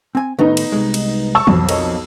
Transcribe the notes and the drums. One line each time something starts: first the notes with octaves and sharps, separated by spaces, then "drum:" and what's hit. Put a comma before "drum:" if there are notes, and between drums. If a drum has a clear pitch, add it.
C4 G#5
A2 D#3 B3 D#4
drum: cymbal
C2 F#2 G#3
drum: cymbal
A5 C#6 E6
B1 F2 F#3, drum: tom
A#4 C#5 D#5, drum: cymbal